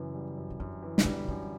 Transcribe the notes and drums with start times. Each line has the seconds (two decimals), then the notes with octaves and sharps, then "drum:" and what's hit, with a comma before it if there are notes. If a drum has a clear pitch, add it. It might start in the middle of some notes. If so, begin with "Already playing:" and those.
Already playing: F#2 C#3 E3
0.14 G3
0.37 F#2
0.50 C#3
0.60 F#2 D3
0.83 E3
0.98 C#3, drum: snare
1.05 D3 G3
1.28 F#2 D3